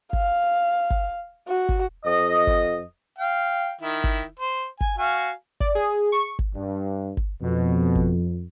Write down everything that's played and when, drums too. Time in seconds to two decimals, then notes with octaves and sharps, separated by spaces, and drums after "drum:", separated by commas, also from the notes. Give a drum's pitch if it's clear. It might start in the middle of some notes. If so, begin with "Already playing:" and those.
0.13 F5, drum: kick G1
0.90 drum: kick G1
1.48 F#4
1.69 drum: kick G1
2.04 F2 D#5
2.47 drum: kick G1
3.18 F5 G5
3.81 D#3 E4
4.04 drum: kick G1
4.40 C5
4.81 G#5, drum: kick G1
4.98 F#4 F5 G#5
5.60 D5, drum: kick G1
5.75 G#4
6.12 C#6
6.39 drum: kick G1
6.54 G2
7.17 drum: kick G1
7.43 F2 B2
7.95 drum: kick G1